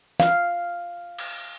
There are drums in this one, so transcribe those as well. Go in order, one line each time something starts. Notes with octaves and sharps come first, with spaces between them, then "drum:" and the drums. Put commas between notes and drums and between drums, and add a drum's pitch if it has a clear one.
F5, drum: snare
drum: cymbal